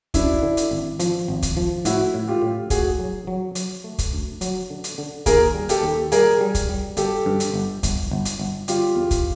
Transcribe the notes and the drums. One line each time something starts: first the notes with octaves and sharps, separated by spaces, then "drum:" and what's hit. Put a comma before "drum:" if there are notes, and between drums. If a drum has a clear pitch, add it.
F#2 D4 E4, drum: kick, hi-hat
D3
drum: hi-hat
G#1
F3, drum: hi-hat
G#1
drum: kick, hi-hat
F3
A2 E4 F#4, drum: hi-hat
A2
F4 G4
A2
A2 F#4 G#4, drum: kick, hi-hat
F#3
F#3
F#3, drum: hi-hat
A3
drum: kick, hi-hat
D2
F#3, drum: hi-hat
D3
drum: hi-hat
D3
D#2 G#4 A#4, drum: kick, hi-hat
G3
G4 A4, drum: hi-hat
D#2
G3 G#4 A#4, drum: hi-hat
G3
drum: kick, hi-hat
G3
G1 G4 A4, drum: hi-hat
G2
drum: hi-hat
G1
G1, drum: kick, hi-hat
G1
drum: hi-hat
G1
G3 F4 G4, drum: hi-hat
E2
drum: kick, hi-hat